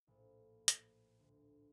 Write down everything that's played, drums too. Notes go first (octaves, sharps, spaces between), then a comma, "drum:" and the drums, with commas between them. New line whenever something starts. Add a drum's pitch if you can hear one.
A#1 A2
drum: hi-hat
D2